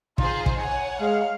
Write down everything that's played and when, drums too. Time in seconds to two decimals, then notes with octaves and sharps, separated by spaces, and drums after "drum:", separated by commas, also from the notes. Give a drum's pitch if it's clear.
0.18 D#4 F4 G#4 C5, drum: kick
0.46 drum: kick
0.57 C#5 F#5 G#5
1.01 G#3 F5